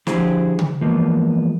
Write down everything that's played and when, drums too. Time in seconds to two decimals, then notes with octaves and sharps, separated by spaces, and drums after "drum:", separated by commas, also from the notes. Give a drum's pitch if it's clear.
0.07 D3 F3 E4 G4 G#4 C5, drum: snare
0.59 drum: tom C#3
0.81 E3 F3 G#3 A#3 B3